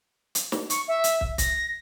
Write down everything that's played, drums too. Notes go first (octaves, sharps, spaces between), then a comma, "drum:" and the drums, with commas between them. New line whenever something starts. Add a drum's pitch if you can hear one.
drum: hi-hat
drum: snare
C#6, drum: hi-hat
E5
drum: hi-hat
drum: kick
A#6, drum: kick, hi-hat